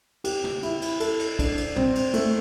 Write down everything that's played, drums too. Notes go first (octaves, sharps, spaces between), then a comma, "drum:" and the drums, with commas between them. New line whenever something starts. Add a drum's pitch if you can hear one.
G4, drum: cymbal
drum: tom
E4, drum: cymbal
drum: cymbal
A4, drum: cymbal
drum: cymbal
D4, drum: kick, cymbal
drum: cymbal
C4, drum: tom
drum: cymbal
A3, drum: cymbal